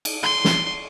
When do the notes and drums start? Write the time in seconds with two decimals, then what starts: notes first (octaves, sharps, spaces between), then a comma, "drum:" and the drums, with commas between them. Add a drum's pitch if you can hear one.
0.05 drum: cymbal
0.23 C6
0.45 drum: snare